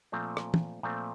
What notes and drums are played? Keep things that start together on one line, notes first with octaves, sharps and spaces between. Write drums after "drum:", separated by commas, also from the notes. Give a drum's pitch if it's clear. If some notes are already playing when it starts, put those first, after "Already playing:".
A#2 F3 A3 C4
drum: rim click
drum: tom
A#2 F3 A3 C4